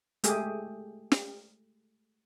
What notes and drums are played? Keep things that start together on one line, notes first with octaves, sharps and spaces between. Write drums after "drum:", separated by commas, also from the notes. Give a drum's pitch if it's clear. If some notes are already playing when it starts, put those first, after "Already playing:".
G#3 A3 G4 G#4, drum: hi-hat
drum: snare